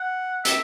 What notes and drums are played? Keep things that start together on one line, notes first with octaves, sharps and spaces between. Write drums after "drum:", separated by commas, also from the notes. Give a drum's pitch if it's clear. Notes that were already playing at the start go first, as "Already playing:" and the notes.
Already playing: F#5
E5, drum: hi-hat